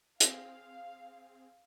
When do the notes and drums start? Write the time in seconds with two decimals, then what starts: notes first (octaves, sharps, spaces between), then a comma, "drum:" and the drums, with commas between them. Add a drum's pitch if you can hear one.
0.20 C4 G#4 F5, drum: hi-hat